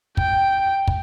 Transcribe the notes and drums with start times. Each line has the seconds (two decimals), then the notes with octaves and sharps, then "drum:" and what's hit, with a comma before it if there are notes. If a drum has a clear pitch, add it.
0.17 G5, drum: kick
0.88 drum: kick